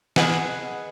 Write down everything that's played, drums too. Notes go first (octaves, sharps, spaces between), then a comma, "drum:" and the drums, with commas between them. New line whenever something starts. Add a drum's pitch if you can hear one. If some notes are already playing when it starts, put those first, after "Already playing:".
G#4 B4 D#5 F#5, drum: snare